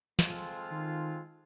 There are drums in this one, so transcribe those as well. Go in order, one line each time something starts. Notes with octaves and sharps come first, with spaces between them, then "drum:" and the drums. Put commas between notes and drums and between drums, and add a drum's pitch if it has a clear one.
G#3 C4 F4 A4, drum: snare
D#3